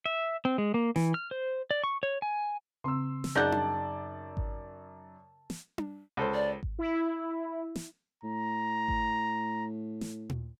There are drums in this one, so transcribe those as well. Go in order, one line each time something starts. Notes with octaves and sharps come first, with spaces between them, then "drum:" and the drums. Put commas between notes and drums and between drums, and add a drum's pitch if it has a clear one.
E5
C4
G#3
A#3
E3, drum: snare
F6
C5
D5
C#6
C#5
G#5
C#3 C4 C6 E6
drum: snare
F#2 D#4 G#4 D5 F#5 A5 G6
drum: tom D4
drum: kick G#1
drum: snare
drum: tom D4
C#2 A4 C5
D5
drum: kick G#1
E4
drum: snare
A2 A#5
drum: kick G#1
drum: snare
drum: tom A#2